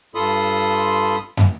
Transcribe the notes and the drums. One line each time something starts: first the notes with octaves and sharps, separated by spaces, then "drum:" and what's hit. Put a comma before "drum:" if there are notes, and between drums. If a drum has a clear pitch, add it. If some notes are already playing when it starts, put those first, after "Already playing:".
G2 F4 A4 B5 C6 D#6
drum: tom